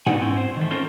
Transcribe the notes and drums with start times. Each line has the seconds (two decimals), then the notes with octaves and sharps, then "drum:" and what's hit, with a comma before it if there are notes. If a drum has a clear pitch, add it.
0.06 B3 D4 D#4 D5 F#5 G#5, drum: tom G#2
0.21 C4 C#4 E4
0.37 C5
0.57 D#3 E3 A3
0.71 C4 C#4 F4 A4 A#4 C5